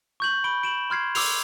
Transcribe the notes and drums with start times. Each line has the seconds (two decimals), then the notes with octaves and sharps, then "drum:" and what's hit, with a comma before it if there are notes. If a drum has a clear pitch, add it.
0.20 C#6 G6 F#7
0.44 B5 D7 G7
0.63 D7 E7 F#7
0.90 C6 F6 G#6 C7
1.15 D6 E6 C7 F7, drum: open hi-hat